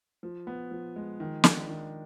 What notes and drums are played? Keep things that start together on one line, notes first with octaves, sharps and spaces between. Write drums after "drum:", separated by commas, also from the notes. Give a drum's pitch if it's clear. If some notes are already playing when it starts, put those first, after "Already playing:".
F3
B3
F3
G#3
D#3
D4, drum: snare
D#3